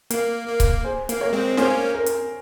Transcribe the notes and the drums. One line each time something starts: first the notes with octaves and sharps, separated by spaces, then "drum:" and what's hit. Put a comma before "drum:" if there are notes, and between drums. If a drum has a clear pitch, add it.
A#3, drum: hi-hat
A#3
drum: kick C#1, hi-hat
G#4 C5
A#3, drum: hi-hat
A#4 C#5
G#3 C4
A#3 C#4 G#4 C5, drum: snare
A#4
drum: hi-hat